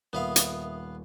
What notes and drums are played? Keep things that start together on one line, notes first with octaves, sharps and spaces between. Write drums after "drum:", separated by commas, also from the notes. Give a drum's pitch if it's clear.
D#1 B3 A#4 B4 E5 F5 D#6
drum: hi-hat